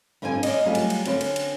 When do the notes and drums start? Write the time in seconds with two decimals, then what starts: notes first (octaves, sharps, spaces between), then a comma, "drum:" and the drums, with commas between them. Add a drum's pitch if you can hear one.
0.22 G2 D3 F3 C4 A4 G#5
0.43 C#4 D5 D#5, drum: cymbal
0.65 F#3 G3 A3 C4 F4 G#4
0.75 drum: cymbal
0.90 drum: cymbal
1.06 D3 C4 C#4 F#4 B4, drum: cymbal
1.21 drum: cymbal
1.36 drum: cymbal